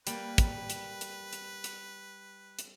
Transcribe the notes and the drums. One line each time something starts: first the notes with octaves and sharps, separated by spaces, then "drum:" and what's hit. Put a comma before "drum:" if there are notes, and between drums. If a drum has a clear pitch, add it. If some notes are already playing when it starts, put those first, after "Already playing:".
G3 A#3 B4, drum: hi-hat
drum: kick, hi-hat
drum: hi-hat
drum: hi-hat
drum: hi-hat
drum: hi-hat
drum: hi-hat